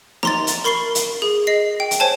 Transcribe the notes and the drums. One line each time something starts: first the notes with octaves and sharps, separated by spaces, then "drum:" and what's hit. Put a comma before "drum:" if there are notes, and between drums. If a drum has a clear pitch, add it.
A#5 C6 A6, drum: snare
drum: hi-hat
A#4 B5 C#6 C7 G7
drum: hi-hat
G#4
D#5 C7
G5
drum: hi-hat
C5 C#5 G#5 A5